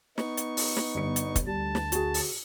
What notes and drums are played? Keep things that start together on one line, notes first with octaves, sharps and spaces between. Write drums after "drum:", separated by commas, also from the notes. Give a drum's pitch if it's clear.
B3 D#4 C#6, drum: snare
drum: hi-hat
drum: open hi-hat
drum: snare
G1 C#7
drum: hi-hat
drum: kick, hi-hat
D2 G3 A5
drum: snare
F#4 G#4, drum: hi-hat
drum: open hi-hat